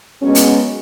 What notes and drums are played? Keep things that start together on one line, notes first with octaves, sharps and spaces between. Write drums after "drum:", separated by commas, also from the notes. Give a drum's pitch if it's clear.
F#2 F#3 G#3 B3 C#4
drum: hi-hat